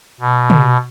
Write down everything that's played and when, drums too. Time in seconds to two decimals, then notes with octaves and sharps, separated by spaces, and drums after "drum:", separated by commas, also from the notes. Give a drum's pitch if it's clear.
0.20 B2
0.50 drum: tom